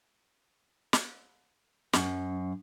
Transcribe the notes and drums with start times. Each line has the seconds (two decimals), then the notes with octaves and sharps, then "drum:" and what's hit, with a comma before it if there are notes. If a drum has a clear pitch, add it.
0.93 drum: snare
1.93 F#2, drum: snare